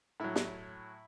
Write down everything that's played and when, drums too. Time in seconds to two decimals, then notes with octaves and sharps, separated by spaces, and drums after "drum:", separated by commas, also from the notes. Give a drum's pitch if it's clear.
0.20 A2 F#3 E4
0.36 drum: snare